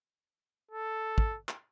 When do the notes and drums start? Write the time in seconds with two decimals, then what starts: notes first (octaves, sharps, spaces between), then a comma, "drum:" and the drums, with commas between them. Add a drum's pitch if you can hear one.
0.71 A4
1.18 drum: kick
1.49 drum: clap